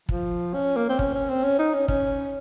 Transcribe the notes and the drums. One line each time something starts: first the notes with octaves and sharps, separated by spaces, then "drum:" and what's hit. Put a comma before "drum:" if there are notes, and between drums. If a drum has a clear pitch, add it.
F3, drum: kick
C#4
A#3
C4
C#4, drum: kick
C#4
C4
C#4
D#4
C#4
C#4, drum: kick